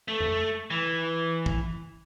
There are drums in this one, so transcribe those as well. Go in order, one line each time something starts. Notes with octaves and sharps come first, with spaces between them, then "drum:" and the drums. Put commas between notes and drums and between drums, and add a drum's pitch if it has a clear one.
A3
drum: tom F2
E3
drum: kick